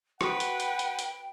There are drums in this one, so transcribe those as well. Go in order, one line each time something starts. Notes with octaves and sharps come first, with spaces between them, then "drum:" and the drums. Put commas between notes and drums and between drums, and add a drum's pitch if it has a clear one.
F#4 A4 B4 F#5 G5, drum: rim click
drum: hi-hat
drum: hi-hat
drum: hi-hat
drum: hi-hat